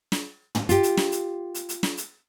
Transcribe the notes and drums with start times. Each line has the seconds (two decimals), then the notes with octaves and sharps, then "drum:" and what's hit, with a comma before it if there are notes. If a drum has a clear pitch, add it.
0.12 drum: snare
0.55 drum: tom
0.69 F4 G4, drum: hi-hat
0.83 drum: hi-hat
0.97 drum: snare
1.12 drum: hi-hat
1.55 drum: hi-hat
1.69 drum: hi-hat
1.83 drum: snare
1.97 drum: hi-hat